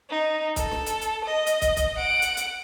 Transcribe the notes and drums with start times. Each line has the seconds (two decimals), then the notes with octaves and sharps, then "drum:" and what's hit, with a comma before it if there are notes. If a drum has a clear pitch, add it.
0.10 D#4
0.56 A4, drum: kick, hi-hat
0.71 drum: snare
0.86 drum: hi-hat
1.01 drum: hi-hat
1.24 D#5
1.47 drum: hi-hat
1.62 drum: kick, hi-hat
1.77 drum: kick, hi-hat
1.98 F#5 D7
2.22 drum: hi-hat
2.37 drum: hi-hat